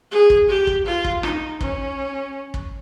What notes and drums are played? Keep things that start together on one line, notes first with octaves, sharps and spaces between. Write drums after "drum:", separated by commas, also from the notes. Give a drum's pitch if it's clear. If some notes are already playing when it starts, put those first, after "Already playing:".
G#4
drum: kick
G4
drum: kick
F4
drum: kick
D#4, drum: rim click
C#4, drum: kick
drum: kick